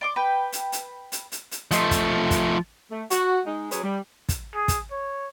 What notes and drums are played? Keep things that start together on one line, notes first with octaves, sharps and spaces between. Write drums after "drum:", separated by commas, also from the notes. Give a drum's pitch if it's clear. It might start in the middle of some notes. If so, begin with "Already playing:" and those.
D5 C6 D6
B4 G5
drum: hi-hat
drum: hi-hat
drum: hi-hat
drum: hi-hat
drum: hi-hat
F3 A3 D#4 C6, drum: hi-hat
drum: kick, hi-hat
drum: kick, hi-hat
A3
F#4, drum: hi-hat
G#3 D#4
F#3 C#4 G#4 B4 C#5, drum: hi-hat
G3
drum: kick, hi-hat
G#4
drum: kick, hi-hat
C#5